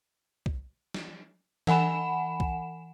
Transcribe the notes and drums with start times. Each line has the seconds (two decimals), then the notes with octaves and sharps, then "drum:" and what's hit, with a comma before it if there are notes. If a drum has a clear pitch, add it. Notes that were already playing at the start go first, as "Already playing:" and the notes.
0.46 drum: kick
0.94 drum: snare
1.67 E3 F#5 G#5 B5 E7, drum: snare
2.40 drum: kick